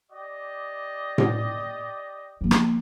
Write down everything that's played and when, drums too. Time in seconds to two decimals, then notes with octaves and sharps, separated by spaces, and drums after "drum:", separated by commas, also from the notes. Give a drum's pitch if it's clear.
0.12 G4 D5 D#5
1.18 drum: tom A2
2.41 F3 A#3
2.51 drum: rim click